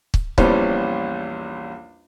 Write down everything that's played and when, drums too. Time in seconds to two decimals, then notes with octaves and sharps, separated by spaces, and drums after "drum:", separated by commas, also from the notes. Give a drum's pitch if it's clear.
0.14 drum: kick
0.38 A#1 E2 E3 G3 C#4 C5, drum: kick